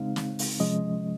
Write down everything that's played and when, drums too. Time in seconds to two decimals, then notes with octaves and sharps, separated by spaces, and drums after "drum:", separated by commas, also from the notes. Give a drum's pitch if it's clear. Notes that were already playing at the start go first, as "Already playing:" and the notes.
Already playing: C#3 G#3 C4 D#4 F5
0.16 drum: snare
0.39 drum: open hi-hat
0.60 C3 F3 G#3 C#4 D#5